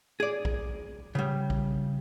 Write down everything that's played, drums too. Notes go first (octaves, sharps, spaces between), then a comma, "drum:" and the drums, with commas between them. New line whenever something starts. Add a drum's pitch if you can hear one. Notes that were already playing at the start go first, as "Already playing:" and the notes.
G#4 D5
drum: kick A#1
C#3 G3
drum: kick A#1